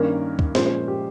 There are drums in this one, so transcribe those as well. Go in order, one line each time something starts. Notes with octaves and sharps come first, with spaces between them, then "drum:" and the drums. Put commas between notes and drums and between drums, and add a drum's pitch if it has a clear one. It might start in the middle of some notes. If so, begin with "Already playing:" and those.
Already playing: G2 D#3 A#3 C#4 A#4
drum: kick
A#2 F3 G#3 C#4 C5, drum: snare
C5
G4